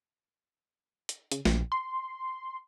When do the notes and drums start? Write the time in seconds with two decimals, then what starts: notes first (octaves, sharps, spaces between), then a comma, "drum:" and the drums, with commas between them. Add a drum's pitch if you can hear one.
1.09 drum: hi-hat
1.32 C#3, drum: hi-hat
1.45 A#1, drum: snare A3
1.72 C6